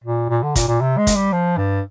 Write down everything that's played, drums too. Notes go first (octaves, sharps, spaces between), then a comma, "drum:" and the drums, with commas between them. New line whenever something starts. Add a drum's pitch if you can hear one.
A#2
A#2
D3
A#2, drum: kick, hi-hat
A#2
C3
G#3
drum: kick, hi-hat
G3
F3
G2